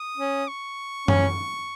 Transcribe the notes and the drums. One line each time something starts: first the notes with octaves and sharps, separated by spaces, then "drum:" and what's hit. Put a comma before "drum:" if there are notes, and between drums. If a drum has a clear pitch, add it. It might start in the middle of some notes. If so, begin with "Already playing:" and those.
Already playing: D#6
C#4
C#6
C#4, drum: tom F#2